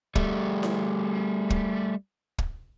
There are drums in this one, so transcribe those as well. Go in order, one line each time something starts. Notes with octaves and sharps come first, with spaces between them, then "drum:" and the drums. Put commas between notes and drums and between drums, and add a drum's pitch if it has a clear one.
G3 A3, drum: kick
drum: snare E4
drum: kick
drum: kick